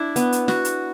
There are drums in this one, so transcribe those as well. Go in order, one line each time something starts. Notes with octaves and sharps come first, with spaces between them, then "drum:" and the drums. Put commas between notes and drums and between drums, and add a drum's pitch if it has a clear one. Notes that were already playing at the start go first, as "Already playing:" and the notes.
Already playing: D4 E4
B3, drum: hi-hat
drum: hi-hat
F#4, drum: snare
drum: hi-hat